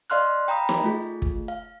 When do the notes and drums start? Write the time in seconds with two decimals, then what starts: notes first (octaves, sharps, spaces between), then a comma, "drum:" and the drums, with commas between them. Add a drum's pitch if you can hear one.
0.10 D5 D#5 F5 C6 F6 F#6
0.48 G5 A#5 B5 D#6
0.69 drum: snare
0.84 A3 F4 G#4
1.22 drum: kick
1.48 F5